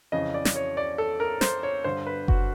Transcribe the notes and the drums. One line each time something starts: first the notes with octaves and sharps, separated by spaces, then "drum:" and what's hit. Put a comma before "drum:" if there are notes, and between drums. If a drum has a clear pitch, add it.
F2 C#3 E3 D#5
D5
drum: snare
C#5
D5
A4
A#4
C5, drum: snare
C#5
G2 D3 C5
B4
F#4, drum: kick F#1